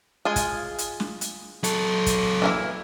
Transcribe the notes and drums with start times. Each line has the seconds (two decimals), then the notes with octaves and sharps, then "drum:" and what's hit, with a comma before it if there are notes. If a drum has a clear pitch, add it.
0.25 G#3 F4 G#4
0.36 drum: kick, hi-hat
0.78 drum: hi-hat
1.00 drum: snare
1.21 drum: hi-hat
1.64 F#3 A4, drum: hi-hat
2.06 drum: kick, hi-hat
2.42 E3 A#3 E4